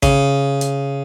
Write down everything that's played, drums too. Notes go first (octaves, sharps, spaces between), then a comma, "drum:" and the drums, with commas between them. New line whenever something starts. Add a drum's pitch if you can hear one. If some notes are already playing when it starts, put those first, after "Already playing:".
C#3, drum: kick, hi-hat
drum: hi-hat